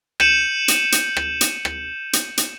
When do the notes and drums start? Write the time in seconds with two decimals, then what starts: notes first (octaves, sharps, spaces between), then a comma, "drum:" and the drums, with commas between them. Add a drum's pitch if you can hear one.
0.20 G6 C#7 D#7 E7 F#7, drum: rim click
0.68 drum: hi-hat
0.92 drum: hi-hat
1.17 drum: rim click
1.41 drum: hi-hat
1.65 drum: rim click
2.13 drum: hi-hat
2.37 drum: hi-hat